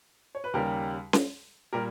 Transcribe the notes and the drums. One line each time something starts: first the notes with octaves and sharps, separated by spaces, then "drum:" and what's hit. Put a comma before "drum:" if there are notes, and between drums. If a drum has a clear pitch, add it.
C#5
B4
D#2 C#3 G3 G4 A#4
drum: snare C#4
A#2 G3 G4 A#4